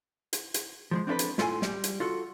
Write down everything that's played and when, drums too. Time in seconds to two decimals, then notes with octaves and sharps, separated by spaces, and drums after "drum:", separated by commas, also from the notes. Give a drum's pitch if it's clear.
0.33 drum: hi-hat
0.54 drum: hi-hat
0.91 F3 G3 G#3
1.07 C4 D4 E4 A4 B4
1.19 drum: hi-hat
1.38 A2 F4 A4 B4 G#5 C6, drum: snare
1.62 G3, drum: snare
1.84 drum: hi-hat
2.00 F4 F#4 A4